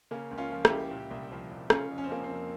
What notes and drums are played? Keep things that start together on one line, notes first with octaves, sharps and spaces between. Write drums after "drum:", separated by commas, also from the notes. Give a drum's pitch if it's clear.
C#3 A#3 C#4
C#2
C#4 F4
F3
E4 G4, drum: rim click
C#2
A#2
C2
F3
C2
C#3 C#4 F4, drum: rim click
F2
C#4
C4
F3 A#3 C#4
C4
F2